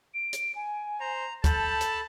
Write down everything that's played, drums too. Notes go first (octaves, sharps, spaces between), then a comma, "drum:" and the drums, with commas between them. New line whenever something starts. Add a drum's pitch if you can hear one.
D7
drum: hi-hat
G#5
C5 A#5
A4 A5 B5 G6, drum: kick D2, hi-hat
drum: hi-hat